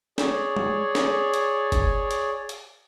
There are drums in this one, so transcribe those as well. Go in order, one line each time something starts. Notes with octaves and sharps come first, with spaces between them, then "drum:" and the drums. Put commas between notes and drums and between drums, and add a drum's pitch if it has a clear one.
G#4 C#5 D5, drum: snare
drum: tom
drum: snare
drum: hi-hat
drum: kick F#1, hi-hat
drum: hi-hat
drum: hi-hat